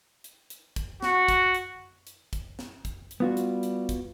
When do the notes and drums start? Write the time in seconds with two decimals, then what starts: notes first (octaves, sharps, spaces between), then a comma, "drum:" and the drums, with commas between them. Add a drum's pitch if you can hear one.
0.24 drum: hi-hat
0.50 drum: hi-hat
0.76 drum: kick, hi-hat
1.02 F#4, drum: snare
1.28 drum: kick, hi-hat
1.55 drum: hi-hat
2.07 drum: hi-hat
2.33 drum: kick, hi-hat
2.59 drum: snare
2.85 drum: kick, hi-hat
3.11 drum: hi-hat
3.20 G3 B3 F4 F#4
3.37 drum: hi-hat
3.63 drum: hi-hat
3.89 drum: kick, hi-hat